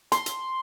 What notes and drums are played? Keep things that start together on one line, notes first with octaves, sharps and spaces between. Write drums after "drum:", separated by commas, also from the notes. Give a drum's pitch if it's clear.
C6, drum: hi-hat
drum: hi-hat